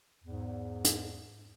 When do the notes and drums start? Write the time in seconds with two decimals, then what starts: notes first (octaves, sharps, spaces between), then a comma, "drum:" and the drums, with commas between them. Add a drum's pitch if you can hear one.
0.24 E2 G#2
0.85 drum: hi-hat